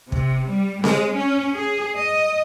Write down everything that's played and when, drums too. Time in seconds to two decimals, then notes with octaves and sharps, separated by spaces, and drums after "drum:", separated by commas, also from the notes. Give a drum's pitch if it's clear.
0.12 C3, drum: kick
0.49 G3
0.84 G#3, drum: snare C4
1.17 C#4
1.55 G#4
1.96 D#5